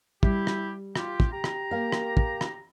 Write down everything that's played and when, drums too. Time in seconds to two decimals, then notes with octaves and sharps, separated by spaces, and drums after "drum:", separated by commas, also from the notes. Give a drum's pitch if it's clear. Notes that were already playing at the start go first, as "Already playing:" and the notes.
0.23 G3 E4 G4, drum: kick
0.47 drum: rim click
0.95 F4 G4, drum: rim click
1.20 drum: kick
1.32 G4 A#5
1.44 drum: rim click
1.71 A#3 A#4 F5
1.92 drum: rim click
2.17 drum: kick
2.41 drum: rim click